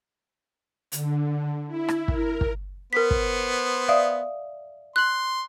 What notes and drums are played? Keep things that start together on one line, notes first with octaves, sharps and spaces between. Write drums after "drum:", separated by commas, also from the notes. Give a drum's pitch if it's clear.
D3, drum: hi-hat
E4
drum: rim click
A#4, drum: kick
drum: kick
B3 A#4 C5 B6
drum: kick
D5 E5 F5 D#6
C6 F#6 F#7